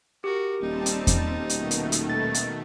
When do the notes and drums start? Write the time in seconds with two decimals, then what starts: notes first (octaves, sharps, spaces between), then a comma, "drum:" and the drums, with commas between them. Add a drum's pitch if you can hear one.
0.24 F#4 G4 A#4
0.61 D#1 G3 C4 D#4 A5
0.86 drum: hi-hat
1.07 drum: kick E2, hi-hat
1.50 B2 D#3 A3, drum: hi-hat
1.71 drum: hi-hat
1.92 drum: hi-hat
2.10 A6
2.34 drum: hi-hat